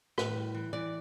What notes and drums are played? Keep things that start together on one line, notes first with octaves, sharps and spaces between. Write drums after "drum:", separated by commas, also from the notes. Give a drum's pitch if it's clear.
A2 B4, drum: rim click
G3
E3
E3 D5